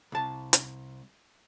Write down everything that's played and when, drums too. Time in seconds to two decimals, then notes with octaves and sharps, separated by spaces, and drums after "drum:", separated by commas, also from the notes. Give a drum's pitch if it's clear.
0.12 C2 A5
0.53 drum: hi-hat